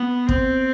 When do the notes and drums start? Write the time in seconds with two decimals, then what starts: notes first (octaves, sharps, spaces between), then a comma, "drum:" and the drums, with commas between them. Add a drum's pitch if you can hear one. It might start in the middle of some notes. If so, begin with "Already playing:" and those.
Already playing: B3
0.29 C4, drum: kick